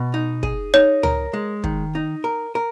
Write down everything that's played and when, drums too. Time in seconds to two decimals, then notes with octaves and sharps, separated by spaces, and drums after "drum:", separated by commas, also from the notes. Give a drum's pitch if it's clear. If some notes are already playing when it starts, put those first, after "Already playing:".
Already playing: B2
0.14 D#4
0.43 G#4, drum: kick
0.74 D#4 C#5
1.03 A#4, drum: tom C#2
1.33 G#3
1.64 D#3, drum: kick
1.95 D#4
2.24 A#4
2.55 A#4